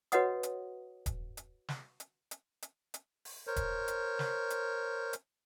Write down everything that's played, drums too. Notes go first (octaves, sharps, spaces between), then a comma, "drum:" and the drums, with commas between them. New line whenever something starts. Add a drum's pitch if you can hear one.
F#4 B4 C#5 D#5 F#5 D#6, drum: hi-hat
drum: hi-hat
drum: kick D#1, hi-hat
drum: hi-hat
drum: snare
drum: hi-hat
drum: hi-hat
drum: hi-hat
drum: hi-hat
drum: open hi-hat
A#4 C5 C#5
drum: kick D#1, hi-hat
drum: hi-hat
drum: snare
drum: hi-hat
drum: hi-hat